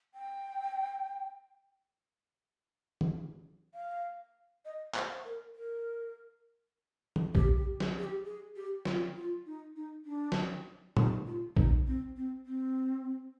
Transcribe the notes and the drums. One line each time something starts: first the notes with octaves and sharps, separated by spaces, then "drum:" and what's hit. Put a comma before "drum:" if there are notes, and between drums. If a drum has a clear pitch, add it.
G5
drum: tom
F5
D#5
C5, drum: clap
A#4
A#4
drum: tom
G4, drum: kick A#1
G4
G#4, drum: snare
G#4
G4
G#4
G4
F4, drum: snare
F4
D#4
D#4
D4
drum: snare
D#4, drum: tom
F4
D#4, drum: kick A#1
C4
C4
C4